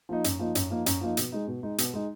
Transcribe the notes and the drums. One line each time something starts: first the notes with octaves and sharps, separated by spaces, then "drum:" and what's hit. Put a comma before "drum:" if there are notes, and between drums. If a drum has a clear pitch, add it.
F3 A#3 D#4
F#2, drum: hi-hat
F3 A#3 D#4
F#2, drum: hi-hat
F3 A#3 D#4
F#2, drum: hi-hat
F3 A#3 D#4
B2, drum: hi-hat
G#3 D#4
B2
G#3 D#4
B2, drum: hi-hat
G#3 D#4